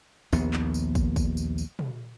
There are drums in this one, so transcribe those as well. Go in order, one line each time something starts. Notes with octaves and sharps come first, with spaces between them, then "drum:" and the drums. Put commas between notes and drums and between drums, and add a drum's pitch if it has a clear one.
A#1 D#2 B3, drum: tambourine
drum: clap
drum: tambourine
drum: kick, tambourine
drum: kick, tambourine
drum: tambourine
drum: tambourine
drum: tom